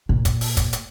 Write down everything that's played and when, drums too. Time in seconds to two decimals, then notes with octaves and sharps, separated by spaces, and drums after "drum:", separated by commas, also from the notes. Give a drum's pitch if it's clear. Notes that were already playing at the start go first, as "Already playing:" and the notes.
0.09 A#2
0.25 drum: kick, hi-hat
0.41 drum: open hi-hat
0.57 drum: kick, hi-hat
0.73 drum: hi-hat